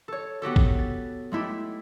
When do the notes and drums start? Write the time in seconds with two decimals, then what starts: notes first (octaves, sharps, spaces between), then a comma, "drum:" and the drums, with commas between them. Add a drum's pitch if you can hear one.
0.08 A4 C#5
0.42 B3 F#4 G4 A4
0.56 drum: kick G#1
0.79 A6
1.32 G#3 A3 E4 G4